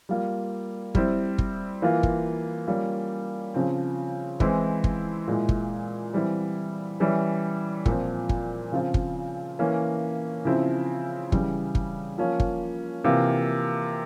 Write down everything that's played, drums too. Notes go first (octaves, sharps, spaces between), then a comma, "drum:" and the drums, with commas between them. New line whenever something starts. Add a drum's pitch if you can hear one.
G3 A#3 F4
G3 C4 E4, drum: kick
drum: kick
E3 A#3 F4
drum: kick
G3 A#3 C#4 F4
C#3 F3 C4
E3 G#3 C4 E4, drum: kick
drum: kick
A#2 G#3 E4
drum: kick
E3 G3 C4 E4
E3 G3 C#4 E4
A#2 F3 C4, drum: kick
drum: kick
C#3 F3 C4 F4
drum: kick
E3 A#3 C#4
C#3 F3 C4 E4
C#3 E3 G3, drum: kick
drum: kick
F3 A#3 C#4 F4
drum: kick
C3 E3 A#3 F4